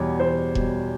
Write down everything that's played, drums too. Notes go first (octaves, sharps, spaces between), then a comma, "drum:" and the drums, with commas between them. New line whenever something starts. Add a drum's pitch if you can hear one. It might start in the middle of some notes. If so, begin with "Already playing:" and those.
Already playing: E2 B2 G3 C#5
E2 C5
B2 G3, drum: kick E1